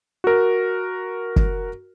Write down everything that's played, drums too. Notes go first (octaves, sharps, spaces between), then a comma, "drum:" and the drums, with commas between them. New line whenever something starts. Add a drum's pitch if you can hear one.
F#4 A#4
drum: kick